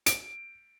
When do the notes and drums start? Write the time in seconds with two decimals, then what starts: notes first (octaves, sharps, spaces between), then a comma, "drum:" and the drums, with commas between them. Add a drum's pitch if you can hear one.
0.06 D7, drum: hi-hat